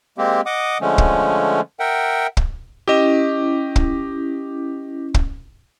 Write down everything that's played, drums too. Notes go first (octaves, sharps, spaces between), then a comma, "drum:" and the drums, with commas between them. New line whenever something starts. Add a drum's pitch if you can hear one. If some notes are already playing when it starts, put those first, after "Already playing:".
G#3 A#3 C4 G4
D#5 F#5 D6 D#6
D3 F3 G#3 A3 C#4
drum: kick
A#4 E5 F#5 G5
drum: kick
C#4 E4 G4 D#5
drum: kick
drum: kick